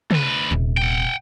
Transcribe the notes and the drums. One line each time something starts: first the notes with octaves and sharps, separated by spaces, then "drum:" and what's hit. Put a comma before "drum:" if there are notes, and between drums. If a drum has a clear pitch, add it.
D2 B4, drum: tom
D#1 C3
F#5 G5